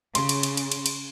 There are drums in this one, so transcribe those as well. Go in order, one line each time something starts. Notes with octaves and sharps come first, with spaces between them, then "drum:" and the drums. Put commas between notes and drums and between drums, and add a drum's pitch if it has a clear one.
C#3 C6, drum: cymbal
drum: cymbal
drum: cymbal
drum: cymbal
drum: cymbal
drum: cymbal